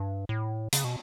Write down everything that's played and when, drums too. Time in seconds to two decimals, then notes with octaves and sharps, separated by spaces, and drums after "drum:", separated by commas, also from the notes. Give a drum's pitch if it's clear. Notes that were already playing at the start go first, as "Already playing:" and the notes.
Already playing: G2
0.29 A2
0.73 C#3, drum: hi-hat
0.84 B2